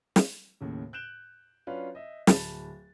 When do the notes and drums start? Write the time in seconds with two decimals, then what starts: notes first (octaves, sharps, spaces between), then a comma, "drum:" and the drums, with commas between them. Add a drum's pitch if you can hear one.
0.16 drum: snare
0.61 D#2 A2 C#3
0.93 F#6 G6 D7 E7 F#7 G7
1.67 F#3 C#4 D4 F4 B4 F5
1.95 D#5 E5
2.27 D1 A5 B5 A6, drum: snare